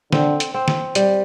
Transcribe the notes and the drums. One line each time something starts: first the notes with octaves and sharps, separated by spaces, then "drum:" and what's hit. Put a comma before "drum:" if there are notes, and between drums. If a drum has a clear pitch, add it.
D3 C4, drum: snare
drum: hi-hat
C4
drum: snare
G3, drum: hi-hat